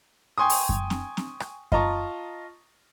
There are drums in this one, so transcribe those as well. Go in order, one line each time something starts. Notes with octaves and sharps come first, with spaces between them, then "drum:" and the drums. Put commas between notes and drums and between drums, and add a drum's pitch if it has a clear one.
G5 G#5 C6 C#6 D#6
drum: open hi-hat
drum: kick F#2
drum: snare C4
drum: snare C4
drum: rim click
F4 D#5 A5 A#5 C#6, drum: kick F#2